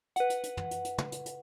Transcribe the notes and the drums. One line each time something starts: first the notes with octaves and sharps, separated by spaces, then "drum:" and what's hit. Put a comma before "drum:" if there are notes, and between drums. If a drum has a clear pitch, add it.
B4 F#5, drum: hi-hat
drum: hi-hat
drum: hi-hat
drum: tom
drum: hi-hat
drum: hi-hat
drum: tom
drum: hi-hat
drum: hi-hat